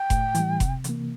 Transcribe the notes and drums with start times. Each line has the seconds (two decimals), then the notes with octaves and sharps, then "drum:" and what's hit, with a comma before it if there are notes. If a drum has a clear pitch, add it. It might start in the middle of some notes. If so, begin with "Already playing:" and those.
Already playing: G5
0.10 A2, drum: kick F1, hi-hat
0.35 E3 G3, drum: hi-hat
0.60 C3, drum: kick F1, hi-hat
0.84 E3, drum: hi-hat
0.89 A#3